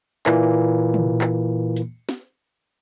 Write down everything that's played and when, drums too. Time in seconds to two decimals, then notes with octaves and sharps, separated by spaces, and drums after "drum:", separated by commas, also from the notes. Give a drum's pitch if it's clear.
0.26 A#2 E3 A#3, drum: clap
0.94 drum: tom
1.21 drum: clap
1.76 drum: hi-hat
2.09 drum: snare